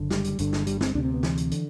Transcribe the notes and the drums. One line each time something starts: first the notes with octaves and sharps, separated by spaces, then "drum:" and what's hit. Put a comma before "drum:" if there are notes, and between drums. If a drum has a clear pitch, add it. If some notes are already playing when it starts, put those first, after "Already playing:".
Already playing: F#1 D3
G3, drum: snare
drum: hi-hat
G1 G2 D3, drum: hi-hat
drum: snare
G3, drum: hi-hat
C4, drum: snare
D2 C3 D4
C4
B3
E3, drum: snare
drum: hi-hat
D3, drum: hi-hat